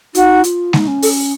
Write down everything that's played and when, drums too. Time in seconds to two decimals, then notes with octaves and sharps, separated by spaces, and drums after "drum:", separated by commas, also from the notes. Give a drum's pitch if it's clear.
0.15 D#4 F#4, drum: hi-hat
0.44 F4, drum: hi-hat
0.73 D#4, drum: snare G#3
0.88 C#4
1.02 A4, drum: open hi-hat